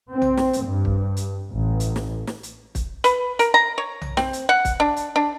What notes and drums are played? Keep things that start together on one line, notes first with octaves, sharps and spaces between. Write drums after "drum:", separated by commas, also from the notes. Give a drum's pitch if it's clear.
C4
drum: tom B1
drum: snare
drum: hi-hat
G2
drum: kick
drum: hi-hat
A1
drum: hi-hat
drum: snare
drum: snare
drum: hi-hat
drum: kick, hi-hat
B4, drum: hi-hat
A#4, drum: hi-hat
A#5
C#5
drum: tom B1
C4, drum: snare
drum: hi-hat
F#5
drum: kick, hi-hat
D4
drum: hi-hat
D4